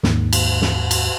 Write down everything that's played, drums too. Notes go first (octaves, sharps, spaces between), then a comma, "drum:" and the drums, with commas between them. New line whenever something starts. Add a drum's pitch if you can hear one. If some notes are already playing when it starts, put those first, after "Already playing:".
D#2 G#2, drum: snare
drum: cymbal
drum: snare
drum: cymbal